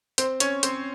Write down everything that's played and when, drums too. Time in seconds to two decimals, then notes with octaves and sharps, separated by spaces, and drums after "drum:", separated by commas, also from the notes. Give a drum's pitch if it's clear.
0.18 C4 C5, drum: hi-hat
0.40 C#4 C#5, drum: hi-hat
0.63 C4 C5, drum: hi-hat